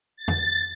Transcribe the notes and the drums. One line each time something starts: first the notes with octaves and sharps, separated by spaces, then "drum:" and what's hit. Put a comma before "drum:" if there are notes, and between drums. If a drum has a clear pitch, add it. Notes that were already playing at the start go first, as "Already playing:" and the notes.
A6
drum: tom F2